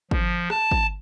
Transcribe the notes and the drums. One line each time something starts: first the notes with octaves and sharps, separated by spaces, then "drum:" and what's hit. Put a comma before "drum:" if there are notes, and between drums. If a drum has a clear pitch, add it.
F3, drum: kick
A5, drum: rim click
drum: kick